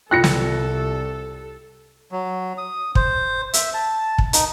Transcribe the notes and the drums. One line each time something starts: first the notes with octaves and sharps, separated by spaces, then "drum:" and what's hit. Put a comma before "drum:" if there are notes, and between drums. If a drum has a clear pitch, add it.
C2 F4 A4 G5 F#6 A#6 C#7
drum: snare
F#3
D#6
C5, drum: kick
E5, drum: hi-hat
A5
drum: kick
D#4, drum: hi-hat